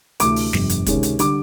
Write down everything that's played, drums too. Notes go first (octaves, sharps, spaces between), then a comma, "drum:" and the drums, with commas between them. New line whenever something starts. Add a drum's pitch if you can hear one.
D2 C3 E3 A3 D6, drum: hi-hat
drum: open hi-hat
G1 F2 C3, drum: snare
drum: hi-hat
C#2 C3 D#3 G#3 C#4, drum: kick, hi-hat
drum: hi-hat
D3 G3 D6, drum: hi-hat